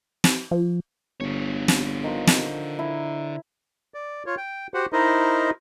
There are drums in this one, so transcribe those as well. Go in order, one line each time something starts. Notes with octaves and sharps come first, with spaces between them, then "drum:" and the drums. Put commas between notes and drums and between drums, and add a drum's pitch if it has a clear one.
drum: snare
F3
G1 D3 C#5
drum: snare
D#3 F3
drum: snare
E4 A#5
D5
F4 C#5
G5
F#4 G4 C5 F#5
D#4 E4 A#4 C5 D#5